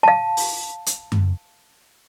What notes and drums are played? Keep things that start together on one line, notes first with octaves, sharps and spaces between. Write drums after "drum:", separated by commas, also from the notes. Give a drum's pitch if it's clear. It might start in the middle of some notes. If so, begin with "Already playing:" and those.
F5 A5
drum: open hi-hat
drum: hi-hat
drum: tom F#2